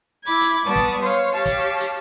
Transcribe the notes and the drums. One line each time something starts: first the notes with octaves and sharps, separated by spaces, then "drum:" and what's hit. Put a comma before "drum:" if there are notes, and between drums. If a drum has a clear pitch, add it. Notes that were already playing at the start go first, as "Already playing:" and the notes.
E4 B5 D6 G#6
drum: hi-hat
G3 B3 D5 A5 C#6 D#6
drum: kick, hi-hat
C5 C#5 F5
G4 C#5 F5 A5
drum: kick, hi-hat
drum: hi-hat